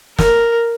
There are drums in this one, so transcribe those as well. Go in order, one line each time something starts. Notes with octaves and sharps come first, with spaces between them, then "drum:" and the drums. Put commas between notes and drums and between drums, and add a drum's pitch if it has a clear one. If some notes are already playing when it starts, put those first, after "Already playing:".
A#4, drum: snare